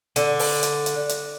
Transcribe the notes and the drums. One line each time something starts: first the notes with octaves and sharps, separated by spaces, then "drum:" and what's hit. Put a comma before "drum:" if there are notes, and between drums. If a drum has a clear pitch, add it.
D3, drum: hi-hat
drum: open hi-hat
drum: hi-hat
drum: hi-hat
drum: hi-hat